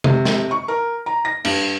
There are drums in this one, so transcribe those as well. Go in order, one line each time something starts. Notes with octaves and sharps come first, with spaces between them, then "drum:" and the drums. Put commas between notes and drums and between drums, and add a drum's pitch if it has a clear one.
C3, drum: tom C3
drum: snare
C#6
A#4
A#5
A#6
G2, drum: cymbal